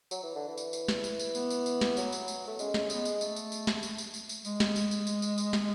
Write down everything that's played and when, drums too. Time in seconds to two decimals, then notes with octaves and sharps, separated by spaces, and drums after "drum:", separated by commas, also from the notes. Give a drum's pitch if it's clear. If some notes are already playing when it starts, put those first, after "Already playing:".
0.11 F#3, drum: tambourine
0.23 E3
0.35 D3
0.48 E3
0.57 drum: tambourine
0.73 drum: tambourine
0.88 drum: snare
1.04 drum: tambourine
1.19 drum: tambourine
1.35 B3, drum: tambourine
1.50 drum: tambourine
1.66 drum: tambourine
1.81 drum: snare
1.97 F#3, drum: tambourine
2.12 drum: tambourine
2.28 drum: tambourine
2.48 A3
2.59 G#3 C#4, drum: tambourine
2.74 drum: snare
2.90 G#3 B3, drum: tambourine
3.05 drum: tambourine
3.21 A3, drum: tambourine
3.36 drum: tambourine
3.52 drum: tambourine
3.67 drum: snare
3.83 drum: tambourine
3.98 drum: tambourine
4.14 drum: tambourine
4.29 drum: tambourine
4.45 G#3, drum: tambourine
4.60 drum: snare
4.76 drum: tambourine
4.91 drum: tambourine
5.07 drum: tambourine
5.22 drum: tambourine
5.38 drum: tambourine
5.53 drum: snare